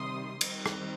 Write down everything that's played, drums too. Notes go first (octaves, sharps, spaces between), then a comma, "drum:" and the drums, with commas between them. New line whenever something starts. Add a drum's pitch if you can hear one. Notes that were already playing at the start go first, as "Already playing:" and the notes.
Already playing: C3 D#3 G3 C6 D#6
D#3 G3 C4, drum: cymbal
drum: rim click